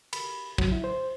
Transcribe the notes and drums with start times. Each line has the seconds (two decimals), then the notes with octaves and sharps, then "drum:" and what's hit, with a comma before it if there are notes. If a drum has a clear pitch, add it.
0.13 B5, drum: cymbal
0.58 F#3, drum: kick
0.72 E4
0.84 C5